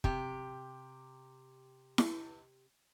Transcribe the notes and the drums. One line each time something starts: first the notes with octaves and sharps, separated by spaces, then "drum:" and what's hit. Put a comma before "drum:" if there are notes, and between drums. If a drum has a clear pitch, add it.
C3 G4, drum: kick
drum: snare E4